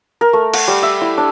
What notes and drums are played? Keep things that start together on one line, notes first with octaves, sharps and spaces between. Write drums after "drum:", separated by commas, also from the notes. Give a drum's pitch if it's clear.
A#4
A3
F#5, drum: cymbal
G3
E5
E4
D4